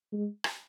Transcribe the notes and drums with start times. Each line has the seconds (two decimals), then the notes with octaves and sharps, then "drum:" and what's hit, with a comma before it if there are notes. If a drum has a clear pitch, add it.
0.13 G#3
0.44 drum: rim click